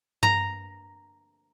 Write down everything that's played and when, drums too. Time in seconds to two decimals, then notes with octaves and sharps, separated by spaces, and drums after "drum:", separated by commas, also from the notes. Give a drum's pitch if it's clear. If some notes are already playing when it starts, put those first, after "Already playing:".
0.23 A#5, drum: tom G2